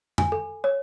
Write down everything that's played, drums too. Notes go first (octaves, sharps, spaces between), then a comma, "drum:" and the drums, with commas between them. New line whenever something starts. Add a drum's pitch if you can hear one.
G#5, drum: tom F2
A4
C#5